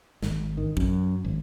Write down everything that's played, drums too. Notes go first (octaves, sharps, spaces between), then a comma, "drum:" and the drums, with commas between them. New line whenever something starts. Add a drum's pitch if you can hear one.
G#1, drum: snare
D#3
F#2, drum: kick
G#1